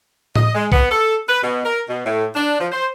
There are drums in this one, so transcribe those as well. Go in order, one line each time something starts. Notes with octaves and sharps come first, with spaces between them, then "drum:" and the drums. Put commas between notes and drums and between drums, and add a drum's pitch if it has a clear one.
D#5, drum: tom A2
G#3
B3, drum: kick
A4
B4
B2
A#4
B2
A2
D4
F3
C5